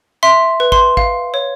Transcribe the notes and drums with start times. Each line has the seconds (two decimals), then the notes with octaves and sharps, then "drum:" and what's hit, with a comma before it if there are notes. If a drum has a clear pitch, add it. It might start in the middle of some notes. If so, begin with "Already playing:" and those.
0.23 E5 C6
0.60 B4
0.72 C6, drum: kick
0.97 F5, drum: kick
1.34 C#5